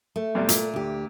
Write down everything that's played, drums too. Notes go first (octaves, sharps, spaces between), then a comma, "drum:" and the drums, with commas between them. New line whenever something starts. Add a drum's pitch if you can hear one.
A3
G2 C3 G3
A#2, drum: hi-hat
D2 G4